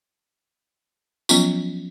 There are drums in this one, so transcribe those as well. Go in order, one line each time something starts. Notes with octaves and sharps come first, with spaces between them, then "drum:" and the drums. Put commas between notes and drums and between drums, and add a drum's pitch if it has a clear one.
F3 F#3 B3 C#4 F4, drum: tambourine